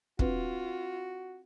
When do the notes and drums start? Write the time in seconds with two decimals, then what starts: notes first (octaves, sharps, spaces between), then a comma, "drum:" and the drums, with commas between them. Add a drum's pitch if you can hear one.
0.19 C4 D4 F4 F#4 B4, drum: kick